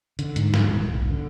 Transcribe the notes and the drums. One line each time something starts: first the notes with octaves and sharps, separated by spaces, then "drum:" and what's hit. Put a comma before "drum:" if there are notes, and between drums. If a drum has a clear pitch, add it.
D3, drum: hi-hat
G#2, drum: hi-hat
drum: snare
D#1
B1
D3